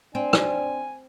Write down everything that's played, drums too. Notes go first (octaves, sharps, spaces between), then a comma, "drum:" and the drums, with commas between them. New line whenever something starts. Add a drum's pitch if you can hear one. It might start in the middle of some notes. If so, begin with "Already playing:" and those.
C4 D4 G#5
drum: rim click